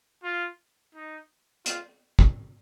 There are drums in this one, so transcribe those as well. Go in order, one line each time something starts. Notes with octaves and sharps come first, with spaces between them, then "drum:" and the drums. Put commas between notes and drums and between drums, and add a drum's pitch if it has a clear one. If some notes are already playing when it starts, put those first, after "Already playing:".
F4
D#4
F4, drum: hi-hat
drum: kick